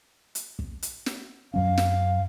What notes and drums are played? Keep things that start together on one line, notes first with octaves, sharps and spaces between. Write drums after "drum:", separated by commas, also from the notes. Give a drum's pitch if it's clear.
drum: hi-hat
drum: kick
drum: hi-hat
drum: snare
F#2 F#3 C#4 F5
drum: snare